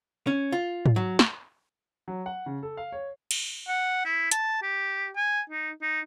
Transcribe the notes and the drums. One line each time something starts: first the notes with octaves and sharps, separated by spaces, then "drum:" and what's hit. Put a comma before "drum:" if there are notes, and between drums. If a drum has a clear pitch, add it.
C#4
F4
drum: tom G#2
F#3
drum: snare
F#3
F#5
C#3
A4
F5
C#5
drum: cymbal
F#5
E4
A5, drum: hi-hat
G4
G#5
D#4
D#4